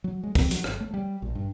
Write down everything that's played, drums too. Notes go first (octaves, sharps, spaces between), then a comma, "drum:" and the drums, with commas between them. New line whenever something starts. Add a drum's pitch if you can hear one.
F#3
G#3
C4, drum: kick, open hi-hat
F#3, drum: hi-hat
G#1, drum: rim click
A3
G3
A#1
G2